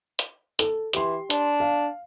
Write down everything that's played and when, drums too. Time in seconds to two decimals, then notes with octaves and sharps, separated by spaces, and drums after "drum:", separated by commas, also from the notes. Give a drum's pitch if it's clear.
0.19 drum: hi-hat
0.59 A4, drum: hi-hat
0.93 E3 G4 C6, drum: hi-hat
1.30 D4, drum: hi-hat
1.60 F5